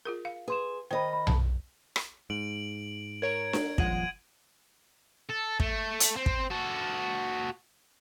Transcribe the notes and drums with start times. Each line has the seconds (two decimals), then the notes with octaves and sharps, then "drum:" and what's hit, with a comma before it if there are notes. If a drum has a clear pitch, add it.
0.05 F4 G#4 A#4
0.25 F5
0.48 G#4 B4 C6 E7
0.91 D#3 C5 D#5 G5 B5
1.13 B5
1.27 A5, drum: tom B1
1.96 drum: rim click
2.30 G#2 D7 F#7
3.22 A#4 C#5 A#5 G#6 D7
3.53 drum: snare D4
3.78 D#1 F3 G#3 F#5 G#6 D#7 F#7, drum: kick
5.29 A4
5.60 A3, drum: kick
6.00 drum: hi-hat
6.16 C4
6.26 drum: kick
6.50 F#4 A4